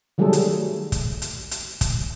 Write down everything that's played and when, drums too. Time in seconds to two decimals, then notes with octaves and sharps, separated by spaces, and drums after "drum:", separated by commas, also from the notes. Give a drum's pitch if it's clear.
0.18 D#3 F#3 G3 A3 G#4 A4
0.33 drum: hi-hat
0.92 drum: kick, hi-hat
1.22 drum: hi-hat
1.51 drum: hi-hat
1.81 drum: kick, hi-hat